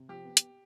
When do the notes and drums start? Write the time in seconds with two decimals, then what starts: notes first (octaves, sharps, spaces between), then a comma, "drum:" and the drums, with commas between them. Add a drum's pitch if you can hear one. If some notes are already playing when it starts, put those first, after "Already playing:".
Already playing: C3
0.09 F3 G4
0.25 B3
0.37 drum: hi-hat